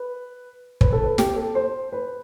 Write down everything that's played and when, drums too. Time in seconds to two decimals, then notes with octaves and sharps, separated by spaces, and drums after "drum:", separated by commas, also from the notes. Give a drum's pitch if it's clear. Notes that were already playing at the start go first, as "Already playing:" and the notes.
Already playing: B4
0.81 B4, drum: kick
0.93 A4
1.04 B4
1.18 G4, drum: snare
1.36 A4
1.55 C5
1.92 B4